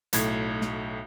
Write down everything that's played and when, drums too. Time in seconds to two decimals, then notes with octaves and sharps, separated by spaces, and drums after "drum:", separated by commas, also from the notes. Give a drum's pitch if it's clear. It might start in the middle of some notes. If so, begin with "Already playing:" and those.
0.13 B1 A2 G#6, drum: hi-hat
0.61 drum: snare